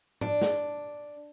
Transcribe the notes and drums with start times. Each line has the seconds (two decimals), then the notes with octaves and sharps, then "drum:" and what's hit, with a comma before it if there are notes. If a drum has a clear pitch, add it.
0.21 D4, drum: tom G#2
0.41 drum: snare